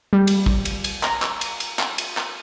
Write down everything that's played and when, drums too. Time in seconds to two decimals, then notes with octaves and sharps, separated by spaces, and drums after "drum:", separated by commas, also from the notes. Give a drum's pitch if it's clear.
0.13 G3
0.27 drum: cymbal
0.46 drum: kick
0.65 drum: cymbal
0.84 drum: cymbal
1.03 A#5, drum: clap
1.22 drum: clap
1.41 drum: cymbal
1.60 drum: cymbal
1.79 drum: clap
1.98 drum: cymbal
2.17 drum: clap